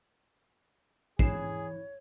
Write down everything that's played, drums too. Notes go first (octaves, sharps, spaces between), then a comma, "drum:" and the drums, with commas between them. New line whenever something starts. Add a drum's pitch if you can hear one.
G#2 E3 G#4 C#5 C7 E7, drum: kick